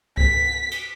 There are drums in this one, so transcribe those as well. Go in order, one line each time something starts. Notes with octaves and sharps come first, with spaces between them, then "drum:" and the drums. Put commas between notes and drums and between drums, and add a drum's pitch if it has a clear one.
B6, drum: kick C#2
drum: cymbal